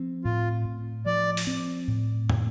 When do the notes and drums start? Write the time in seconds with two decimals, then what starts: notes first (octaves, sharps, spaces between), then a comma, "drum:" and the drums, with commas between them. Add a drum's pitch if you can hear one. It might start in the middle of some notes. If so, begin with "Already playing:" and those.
Already playing: F3 C4
0.24 A2 F4
0.65 A2
1.06 F3 D5
1.37 drum: open hi-hat
1.47 C4
1.88 A2
2.30 A2, drum: tom